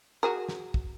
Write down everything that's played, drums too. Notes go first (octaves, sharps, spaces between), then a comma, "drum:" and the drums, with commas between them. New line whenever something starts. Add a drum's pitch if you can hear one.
F#4 G#4 A#4
drum: snare
drum: kick